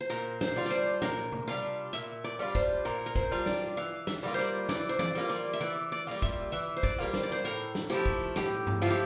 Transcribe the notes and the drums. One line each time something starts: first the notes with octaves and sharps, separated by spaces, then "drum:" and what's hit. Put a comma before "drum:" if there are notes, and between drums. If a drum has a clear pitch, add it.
C5
A#2 A#4
C5, drum: snare
G3 D4 F4
C5 D5
A#2 A#4, drum: snare
drum: tom C3
G3 D4 F4 F5
A#2 E5
D5
G3 D4 F4
C5, drum: kick
A#2 A#4
A#4
C5, drum: kick
G3 D4 F4
D5, drum: snare
E3 F5
E5, drum: snare
G3 A#3 F4
C5 D5
E3 D5, drum: snare
C5
D5, drum: tom E3
G3 A#3 F4
D5
E5
E3 D5
D5
G3 A#3 F4
E5, drum: kick
E3 E5
C5
D5, drum: kick
G3 A#3 F4
C5, drum: snare
D5
C5
A2 A#4
drum: snare
F3 A3 E4 G4
drum: kick
A2 G4, drum: snare
drum: tom G2
F3 A3 E4 F4
G4